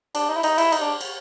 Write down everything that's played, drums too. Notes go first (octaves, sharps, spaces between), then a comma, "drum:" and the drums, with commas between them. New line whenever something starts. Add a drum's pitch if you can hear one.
D4, drum: cymbal
D#4
E4
D#4, drum: cymbal
E4, drum: cymbal
D#4, drum: cymbal
D4
drum: cymbal